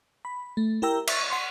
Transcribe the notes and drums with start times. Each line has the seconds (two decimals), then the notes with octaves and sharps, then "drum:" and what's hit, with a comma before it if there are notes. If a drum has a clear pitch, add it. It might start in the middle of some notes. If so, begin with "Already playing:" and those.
0.25 B5
0.57 A3
0.82 E4 G4 A#4 G5 A#5 E6
1.07 E5 C#6 A6, drum: cymbal
1.30 F#5 C6 C#6